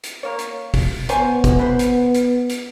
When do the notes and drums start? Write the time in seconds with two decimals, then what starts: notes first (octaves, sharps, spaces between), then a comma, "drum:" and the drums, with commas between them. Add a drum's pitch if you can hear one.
0.03 drum: hi-hat
0.23 A#3 C#5
0.39 drum: hi-hat
0.74 drum: kick, open hi-hat
1.09 B3 C5 C#5 G#5, drum: hi-hat
1.44 drum: kick, hi-hat
1.59 B4 C5
1.79 drum: hi-hat
2.14 drum: hi-hat
2.49 drum: hi-hat